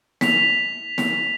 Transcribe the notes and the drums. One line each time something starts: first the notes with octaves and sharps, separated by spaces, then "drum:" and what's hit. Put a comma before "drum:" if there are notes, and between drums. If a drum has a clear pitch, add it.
B6 F7, drum: snare
drum: snare